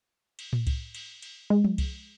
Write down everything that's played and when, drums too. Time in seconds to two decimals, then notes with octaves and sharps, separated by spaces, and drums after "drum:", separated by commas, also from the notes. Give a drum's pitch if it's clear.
0.39 drum: cymbal
0.53 drum: tom A2
0.67 drum: kick C2, cymbal
0.95 drum: cymbal
1.22 drum: cymbal
1.50 G#3
1.64 drum: tom F3
1.78 drum: kick C2, cymbal